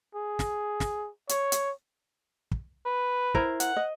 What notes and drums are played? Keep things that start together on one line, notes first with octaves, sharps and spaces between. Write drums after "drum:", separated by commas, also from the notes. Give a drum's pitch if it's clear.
G#4
drum: snare
drum: snare
C#5, drum: hi-hat
drum: hi-hat
drum: kick
B4
E4 A#4 C5, drum: kick
F#5, drum: hi-hat
D#5